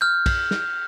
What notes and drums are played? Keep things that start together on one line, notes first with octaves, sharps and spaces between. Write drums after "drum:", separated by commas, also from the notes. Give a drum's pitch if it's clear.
F6 G6
drum: kick, cymbal
drum: snare